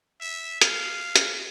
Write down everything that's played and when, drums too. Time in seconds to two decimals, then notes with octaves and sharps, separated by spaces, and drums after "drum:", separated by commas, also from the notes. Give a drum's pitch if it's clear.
0.21 E5
0.61 F5, drum: hi-hat
1.16 drum: hi-hat